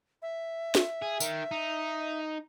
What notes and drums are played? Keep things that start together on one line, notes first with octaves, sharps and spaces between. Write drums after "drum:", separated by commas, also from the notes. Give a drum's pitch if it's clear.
E5
drum: snare
G#4
D#3, drum: tambourine
D#4